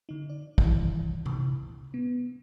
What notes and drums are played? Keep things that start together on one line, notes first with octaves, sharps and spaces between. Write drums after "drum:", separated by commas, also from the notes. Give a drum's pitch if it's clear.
D3 D#4
D5
C#2 G2 C3 D#3 E3, drum: kick
drum: tom C3
B3